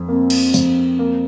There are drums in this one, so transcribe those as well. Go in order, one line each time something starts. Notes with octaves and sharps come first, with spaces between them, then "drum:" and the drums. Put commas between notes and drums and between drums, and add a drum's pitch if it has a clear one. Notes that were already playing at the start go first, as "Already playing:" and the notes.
Already playing: F2
A#3 C4
drum: cymbal
F2, drum: tambourine
A#3